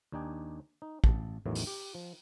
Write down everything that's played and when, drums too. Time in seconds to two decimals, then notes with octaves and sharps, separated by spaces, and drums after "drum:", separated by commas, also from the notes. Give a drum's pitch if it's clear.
0.12 D#2 D4 D#4 G5 G#5
0.82 D#4
1.04 A1 A5, drum: kick
1.46 A1 E2 A2 D#3 E3 F#3
1.55 drum: open hi-hat
1.67 G4
1.95 F3